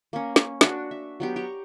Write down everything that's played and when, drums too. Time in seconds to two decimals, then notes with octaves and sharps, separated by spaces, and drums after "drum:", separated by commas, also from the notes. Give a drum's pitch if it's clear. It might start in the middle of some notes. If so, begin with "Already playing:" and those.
0.13 A#3 C#4
0.36 drum: snare
0.61 D4 F#4, drum: snare
0.91 E5
1.20 F#3 B3 G4
1.36 G4 A#5 C#6